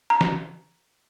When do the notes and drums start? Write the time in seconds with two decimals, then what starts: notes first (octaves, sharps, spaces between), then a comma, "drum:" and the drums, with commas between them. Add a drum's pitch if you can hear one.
0.10 A#5
0.21 drum: snare